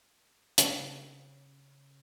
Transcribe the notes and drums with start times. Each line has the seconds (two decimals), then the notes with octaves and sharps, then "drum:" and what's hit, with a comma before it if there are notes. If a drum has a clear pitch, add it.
0.58 C#3, drum: hi-hat